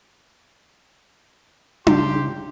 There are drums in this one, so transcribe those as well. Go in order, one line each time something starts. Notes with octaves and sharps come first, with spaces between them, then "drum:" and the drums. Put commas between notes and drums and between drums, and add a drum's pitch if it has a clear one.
C#3 G4 G5 C6, drum: tom D4